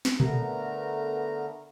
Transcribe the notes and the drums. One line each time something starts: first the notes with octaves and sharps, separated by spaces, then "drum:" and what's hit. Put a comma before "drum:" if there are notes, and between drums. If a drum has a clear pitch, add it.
drum: snare
D3 A3 B3 A#4 A#5, drum: tom A#2